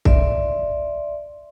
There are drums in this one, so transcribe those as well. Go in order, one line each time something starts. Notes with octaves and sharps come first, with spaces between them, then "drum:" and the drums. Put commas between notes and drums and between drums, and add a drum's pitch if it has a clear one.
D5 E5 C6, drum: kick C2